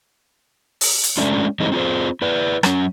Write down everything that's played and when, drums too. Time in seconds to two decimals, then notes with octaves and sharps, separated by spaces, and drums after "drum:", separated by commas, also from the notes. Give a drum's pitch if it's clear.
0.81 drum: open hi-hat
1.03 drum: hi-hat
1.18 G#3 A3 C#4 D4 F4
1.60 E3 G3 G#3 C4 D#4
1.72 C4 F4 G#4 C5
2.22 E4 B4 D5
2.63 F#3 C#4, drum: rim click